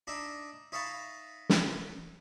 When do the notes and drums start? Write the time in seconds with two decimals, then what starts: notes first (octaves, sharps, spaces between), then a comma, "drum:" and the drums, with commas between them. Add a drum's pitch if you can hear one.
0.07 D4 D#4 E5
0.72 D#4 C#5 E5 F5 A5 B5
1.49 drum: snare